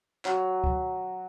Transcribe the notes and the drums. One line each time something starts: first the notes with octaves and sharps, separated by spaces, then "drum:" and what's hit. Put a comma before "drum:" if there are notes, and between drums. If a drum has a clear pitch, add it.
F#3, drum: clap
drum: kick C#2